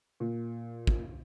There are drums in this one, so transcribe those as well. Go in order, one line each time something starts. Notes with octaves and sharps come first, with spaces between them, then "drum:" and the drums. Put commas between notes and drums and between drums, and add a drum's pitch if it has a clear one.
A#2
drum: kick